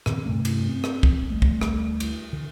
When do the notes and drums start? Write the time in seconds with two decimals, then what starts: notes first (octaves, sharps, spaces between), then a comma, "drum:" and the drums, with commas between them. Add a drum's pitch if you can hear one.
0.06 A2 D3 E3 C4, drum: rim click
0.25 G2 C3 A3 C#4
0.45 drum: cymbal
0.68 C4
0.84 drum: rim click
1.03 drum: kick
1.30 D2 G3 A3
1.42 drum: kick
1.61 drum: rim click
2.00 drum: cymbal
2.33 D3